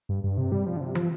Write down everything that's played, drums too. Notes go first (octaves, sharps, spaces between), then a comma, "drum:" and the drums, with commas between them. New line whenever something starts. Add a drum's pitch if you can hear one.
G2
G2
C3
G3
F3
D3
C3
F3, drum: tom